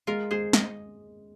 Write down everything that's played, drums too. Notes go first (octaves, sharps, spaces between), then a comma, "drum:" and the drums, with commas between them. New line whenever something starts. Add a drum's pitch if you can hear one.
G#3 F4 A#4
G#3 G#4 C5
G#3 A#4 D#5, drum: snare